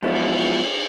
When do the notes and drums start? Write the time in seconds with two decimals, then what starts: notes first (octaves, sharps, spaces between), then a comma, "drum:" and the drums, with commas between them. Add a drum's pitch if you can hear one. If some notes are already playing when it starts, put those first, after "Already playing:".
0.02 F3 F#3 G#3 B3 E4 F4, drum: cymbal